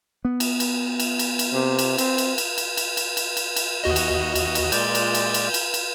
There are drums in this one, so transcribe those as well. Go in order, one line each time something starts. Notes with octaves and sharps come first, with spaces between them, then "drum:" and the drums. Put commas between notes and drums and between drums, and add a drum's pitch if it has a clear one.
B3
drum: cymbal
drum: cymbal
drum: cymbal
drum: cymbal
drum: cymbal
C3
drum: cymbal
C4, drum: cymbal
drum: cymbal
drum: cymbal
drum: cymbal
drum: cymbal
drum: cymbal
drum: cymbal
drum: cymbal
drum: cymbal
D#2 F#4 D#5
drum: cymbal
drum: cymbal
drum: cymbal
A#2 G#3 D5 G6, drum: cymbal
drum: cymbal
drum: cymbal
drum: cymbal
drum: cymbal
drum: cymbal